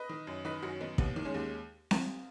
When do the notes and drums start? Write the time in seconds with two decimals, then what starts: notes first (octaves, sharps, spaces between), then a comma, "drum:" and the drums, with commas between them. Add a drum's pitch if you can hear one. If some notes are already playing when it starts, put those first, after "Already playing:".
Already playing: B4 D#5
0.09 D#3
0.27 F#2
0.45 D#3 B4 D#5
0.62 F#2 C#4 F#4
0.81 D#3 B3 D#4
0.98 D#2 B3, drum: kick
1.16 D#3
1.25 G#3 C#4
1.34 D#2
1.91 drum: snare C4